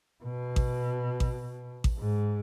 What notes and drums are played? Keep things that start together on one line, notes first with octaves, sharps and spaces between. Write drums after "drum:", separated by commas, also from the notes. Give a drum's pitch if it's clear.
B2
drum: kick A1
drum: kick A1
drum: kick A1
G#2